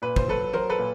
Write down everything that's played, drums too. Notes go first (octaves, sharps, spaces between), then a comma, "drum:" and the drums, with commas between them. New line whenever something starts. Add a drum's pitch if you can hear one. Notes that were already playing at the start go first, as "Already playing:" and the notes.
A#2 B4
C5, drum: kick
F#3 A4 B4
F#3 A#4 C5
A4 B4
A#2